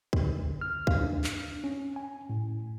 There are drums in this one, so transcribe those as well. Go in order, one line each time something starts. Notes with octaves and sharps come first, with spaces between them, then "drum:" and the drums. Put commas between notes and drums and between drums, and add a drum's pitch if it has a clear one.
drum: kick
D3
A1
F6
F5, drum: kick
D4
drum: clap
C#4
G#5
A2